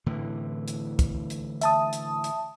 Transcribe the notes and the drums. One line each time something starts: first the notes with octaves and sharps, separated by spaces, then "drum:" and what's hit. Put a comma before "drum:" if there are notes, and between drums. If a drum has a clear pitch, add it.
A2 D3 E3
drum: hi-hat
drum: kick C2, hi-hat
drum: hi-hat
E5 A5 D#6, drum: hi-hat
drum: hi-hat
drum: hi-hat